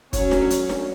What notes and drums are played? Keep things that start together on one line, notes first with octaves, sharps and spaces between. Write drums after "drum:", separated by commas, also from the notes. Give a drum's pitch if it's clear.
F#3 C#4 C#5, drum: kick, hi-hat
drum: snare D4
drum: hi-hat
drum: snare D4